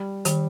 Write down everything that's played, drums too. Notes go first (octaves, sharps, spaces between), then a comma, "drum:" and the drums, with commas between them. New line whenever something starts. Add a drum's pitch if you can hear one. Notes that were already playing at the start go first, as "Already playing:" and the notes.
Already playing: G3
D#3 G3, drum: hi-hat